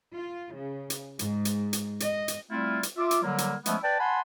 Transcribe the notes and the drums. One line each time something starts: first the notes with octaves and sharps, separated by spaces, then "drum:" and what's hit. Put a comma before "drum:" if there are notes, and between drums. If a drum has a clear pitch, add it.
F4
C#3
drum: hi-hat
G#2, drum: hi-hat
drum: hi-hat
drum: hi-hat
D#5, drum: hi-hat
drum: hi-hat
G3 A3 C4 E4 F4
drum: hi-hat
F4 E5 D6
drum: hi-hat
D3 F#3 G3 A#3
drum: hi-hat
F3 G#3 A3 B3 C#4 E4, drum: hi-hat
B4 D5 G5 A5
F#5 G#5 A5 B5 C6